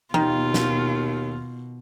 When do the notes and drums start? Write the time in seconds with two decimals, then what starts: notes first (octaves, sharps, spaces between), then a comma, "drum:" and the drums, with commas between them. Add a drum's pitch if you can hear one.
0.14 D#2 B2 D#3 F4, drum: tom
0.54 drum: snare